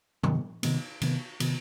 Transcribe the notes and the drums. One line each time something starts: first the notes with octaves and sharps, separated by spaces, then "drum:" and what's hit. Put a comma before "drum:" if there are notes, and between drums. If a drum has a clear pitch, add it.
C3 D#3 B3, drum: tom
C3 D#3 B3, drum: cymbal
C3 D#3 B3, drum: cymbal
C3 D#3 B3, drum: cymbal